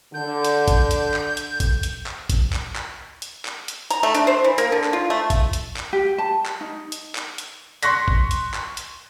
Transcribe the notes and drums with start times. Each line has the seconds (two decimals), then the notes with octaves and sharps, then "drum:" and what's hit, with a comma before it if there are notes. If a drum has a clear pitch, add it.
0.14 D3 G6
0.44 drum: hi-hat
0.68 drum: kick, hi-hat
0.91 drum: hi-hat
1.14 drum: clap
1.37 drum: hi-hat
1.60 drum: kick, hi-hat
1.83 drum: hi-hat
2.06 drum: clap
2.30 drum: kick, hi-hat
2.53 drum: clap
2.76 drum: clap
3.22 drum: hi-hat
3.45 drum: clap
3.68 drum: hi-hat
3.91 A#5, drum: hi-hat
4.03 A3
4.15 D4, drum: hi-hat
4.27 C5
4.44 E3
4.58 A#3, drum: hi-hat
4.72 D3
4.84 drum: clap
4.93 F4
5.10 A3
5.30 drum: kick, hi-hat
5.53 drum: hi-hat
5.76 drum: clap
5.93 G4
6.18 A5
6.46 drum: clap
6.61 D#4
6.92 drum: hi-hat
7.15 drum: clap
7.38 drum: hi-hat
7.83 C6 C#6 F#6 A#6 B6, drum: hi-hat
8.08 drum: kick
8.31 drum: hi-hat
8.54 drum: clap
8.77 drum: hi-hat